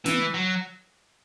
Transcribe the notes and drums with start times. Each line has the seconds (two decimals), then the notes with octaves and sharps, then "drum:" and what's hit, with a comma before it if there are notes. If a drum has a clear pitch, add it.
0.06 E3, drum: snare
0.34 F#3